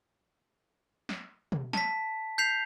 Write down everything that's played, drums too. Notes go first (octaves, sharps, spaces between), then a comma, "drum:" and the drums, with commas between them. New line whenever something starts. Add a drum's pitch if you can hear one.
drum: snare
drum: tom
A5 B6, drum: snare
G6 B6 C7 F7